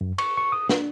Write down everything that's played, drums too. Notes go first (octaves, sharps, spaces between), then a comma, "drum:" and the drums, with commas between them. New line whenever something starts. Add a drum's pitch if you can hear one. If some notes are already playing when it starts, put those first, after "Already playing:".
F#2
C#6, drum: cymbal
C#6
D#6
D4, drum: snare